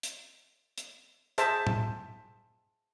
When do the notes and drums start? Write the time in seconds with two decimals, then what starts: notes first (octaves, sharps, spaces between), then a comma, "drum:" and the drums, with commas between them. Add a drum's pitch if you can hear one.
0.03 drum: hi-hat
0.78 drum: hi-hat
1.38 G#4 C5 E5 A5, drum: hi-hat
1.67 drum: tom A2